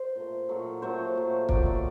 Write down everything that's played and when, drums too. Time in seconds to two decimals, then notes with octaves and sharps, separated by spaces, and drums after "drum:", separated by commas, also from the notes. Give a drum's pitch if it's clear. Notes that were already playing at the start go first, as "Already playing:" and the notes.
Already playing: C5
0.15 A#2 A3
0.49 A#2 F#3 A3
0.82 A#2 F#3 A3 C5
1.15 A#2 F#3 A3
1.49 A#2 F#3 A3 D5, drum: kick
1.65 D5